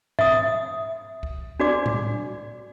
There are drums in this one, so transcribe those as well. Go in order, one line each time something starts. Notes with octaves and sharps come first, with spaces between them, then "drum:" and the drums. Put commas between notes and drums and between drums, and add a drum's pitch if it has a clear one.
E5 D#6, drum: tom G#2
drum: kick C#2
D4 F#4 D5 D6
drum: tom A2